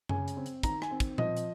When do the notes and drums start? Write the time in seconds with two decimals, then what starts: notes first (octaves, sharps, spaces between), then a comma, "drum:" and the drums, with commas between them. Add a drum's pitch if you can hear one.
0.09 C#3 G#5, drum: tom F#2
0.28 drum: hi-hat
0.37 C4
0.46 drum: hi-hat
0.63 D#3 A#5, drum: kick, hi-hat
0.82 G#5, drum: rim click
0.91 C4
1.00 drum: kick, hi-hat
1.18 F3 D#5, drum: tom A#2
1.37 drum: hi-hat